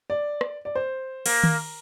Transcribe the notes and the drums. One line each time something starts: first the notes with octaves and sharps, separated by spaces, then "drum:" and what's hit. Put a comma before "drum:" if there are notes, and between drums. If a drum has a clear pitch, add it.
D5
drum: rim click
D5
C5
A#3, drum: cymbal
drum: tom D#3